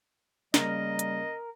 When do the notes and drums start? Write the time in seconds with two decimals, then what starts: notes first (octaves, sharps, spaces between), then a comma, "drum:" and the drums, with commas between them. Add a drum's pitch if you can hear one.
0.54 C#3 G3 A#3 A#4 D#5 A#6, drum: snare
0.99 drum: hi-hat